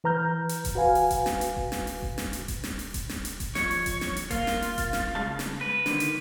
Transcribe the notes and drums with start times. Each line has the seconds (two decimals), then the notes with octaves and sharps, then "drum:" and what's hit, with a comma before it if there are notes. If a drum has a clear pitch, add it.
0.04 E3 B4 A#5 F6 G6
0.49 drum: hi-hat
0.65 drum: kick E1, hi-hat
0.75 F#4 B4 F5 G#5
0.95 drum: open hi-hat
1.11 drum: kick E1, hi-hat
1.26 drum: snare
1.41 drum: hi-hat
1.56 drum: kick E1
1.72 drum: snare
1.87 drum: open hi-hat
2.02 drum: kick E1
2.18 drum: snare
2.33 drum: hi-hat
2.48 drum: kick E1, hi-hat
2.64 drum: snare
2.79 drum: open hi-hat
2.94 drum: kick E1, hi-hat
3.09 drum: snare
3.25 drum: hi-hat
3.40 drum: kick E1, hi-hat
3.55 F2 C#5, drum: snare
3.71 drum: open hi-hat
3.86 drum: kick E1, hi-hat
4.01 drum: snare
4.17 drum: hi-hat
4.31 A#3 F4, drum: kick E1, hi-hat
4.47 drum: snare
4.62 drum: open hi-hat
4.78 drum: kick E1, hi-hat
4.93 drum: snare
5.15 C#3 G#3 A5
5.39 drum: snare
5.61 B4
5.86 D3 D#3, drum: snare
6.00 drum: hi-hat